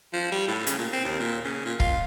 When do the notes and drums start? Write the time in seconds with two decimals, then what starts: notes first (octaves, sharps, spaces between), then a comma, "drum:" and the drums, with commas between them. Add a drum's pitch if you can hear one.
0.13 F3
0.32 G3
0.48 A2
0.67 C#3, drum: hi-hat
0.79 A#2
0.93 C4
1.05 D#2
1.20 A#2
1.44 C#3
1.66 A#2
1.80 F4, drum: kick